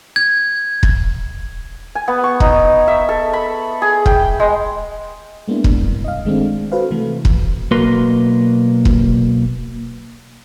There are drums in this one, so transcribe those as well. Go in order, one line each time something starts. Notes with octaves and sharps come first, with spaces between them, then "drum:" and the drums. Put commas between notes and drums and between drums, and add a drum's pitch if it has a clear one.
G#6
drum: kick
G#5
B3
C#6
D#4, drum: kick
E5
A4
B5
G#4
G5, drum: kick
G#3
G#3 A#3 B3 D4 E4
drum: kick
G2 C3
D#5 F5
D#3 G#3 A3 C4 D4
F#4 A4 B4 C5 F5
C3 E3 A3
drum: kick
B1 A#3 F#4 A#4 B4 C6
drum: kick